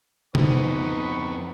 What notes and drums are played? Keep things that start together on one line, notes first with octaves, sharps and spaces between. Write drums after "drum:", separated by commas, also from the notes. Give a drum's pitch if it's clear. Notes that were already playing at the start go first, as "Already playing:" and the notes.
F2 B3 D#4 C5 F#5 B5 C#6, drum: tom C3